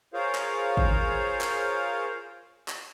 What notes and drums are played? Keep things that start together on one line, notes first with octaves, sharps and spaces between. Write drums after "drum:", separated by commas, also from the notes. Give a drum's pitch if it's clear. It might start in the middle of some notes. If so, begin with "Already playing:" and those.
F4 G#4 A#4 C5 C#5 F5
drum: clap
drum: kick G#1
drum: clap
drum: clap